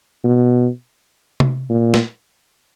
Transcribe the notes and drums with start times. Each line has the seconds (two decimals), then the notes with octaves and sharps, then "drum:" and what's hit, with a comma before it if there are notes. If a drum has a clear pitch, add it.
0.24 B2
1.40 drum: tom C3
1.70 A#2
1.94 drum: snare